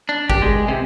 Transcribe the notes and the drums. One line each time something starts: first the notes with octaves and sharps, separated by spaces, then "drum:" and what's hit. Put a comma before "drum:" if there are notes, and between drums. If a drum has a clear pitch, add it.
D4
G4, drum: kick G1
G#3
C3